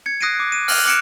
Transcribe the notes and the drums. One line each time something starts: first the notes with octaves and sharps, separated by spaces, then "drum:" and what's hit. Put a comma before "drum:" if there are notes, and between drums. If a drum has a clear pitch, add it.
G#6 C#7
D#6 F#6 A#6 C7 D7 D#7
D6
D#7
F6 F#6 D#7 F7, drum: open hi-hat
D6 F#6 C#7 D7 E7